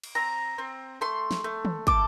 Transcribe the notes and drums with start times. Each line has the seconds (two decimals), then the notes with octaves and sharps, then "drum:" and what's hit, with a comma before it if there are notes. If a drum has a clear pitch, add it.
0.03 drum: cymbal
0.15 C4 A#5
0.58 C4
1.01 A3 C6
1.31 drum: snare
1.44 A3
1.65 drum: tom
1.87 A4 D6, drum: kick